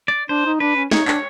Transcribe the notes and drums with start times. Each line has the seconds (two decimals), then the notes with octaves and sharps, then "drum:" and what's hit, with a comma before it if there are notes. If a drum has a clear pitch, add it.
0.08 D5
0.29 D4 C5
0.46 D#4
0.60 D4 B4
0.76 C#4
0.91 D#4 C#5, drum: snare
1.08 D4, drum: clap